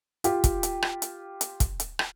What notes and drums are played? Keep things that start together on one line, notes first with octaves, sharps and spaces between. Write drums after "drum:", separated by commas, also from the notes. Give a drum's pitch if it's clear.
F4 G4, drum: hi-hat
drum: kick, hi-hat
drum: hi-hat
drum: rim click
drum: hi-hat
drum: hi-hat
drum: kick, hi-hat
drum: hi-hat
drum: rim click